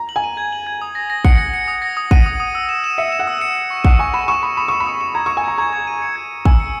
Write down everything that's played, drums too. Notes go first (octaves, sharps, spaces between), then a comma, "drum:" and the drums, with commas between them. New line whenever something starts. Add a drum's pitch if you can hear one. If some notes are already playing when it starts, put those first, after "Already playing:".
Already playing: A#5
F#7
G#5
D#7
G#6
F#7
G#6
D#6
A#6
A#6
F#5 C#7, drum: kick
A#6
C#7
D#6
A#6
D#6
F#5 D#7, drum: kick
D#6
D#6
E6
E7
E7
E5 C#7
E7
F#5
E6
C#7
C#7
C#6
F#5 C#7, drum: kick
G#5 C#6
B5 E7
C#6 E7
B5 D#6
B5 D#6
C#6 E7
B5
D#6
E7
A#5 G#6
C#6 D#6
G#5
A#5 G#6
A#5 G#6
G#6
D#7
C#7
G#6
C#7
G#5 E6, drum: kick
C#7